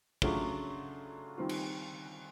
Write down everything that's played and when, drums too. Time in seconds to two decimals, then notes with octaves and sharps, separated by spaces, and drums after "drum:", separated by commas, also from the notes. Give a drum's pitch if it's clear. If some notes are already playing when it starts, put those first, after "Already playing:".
0.22 C#3 F#3 A3 D4 F4, drum: kick
1.38 D#3 G3 C4 F4
1.49 drum: cymbal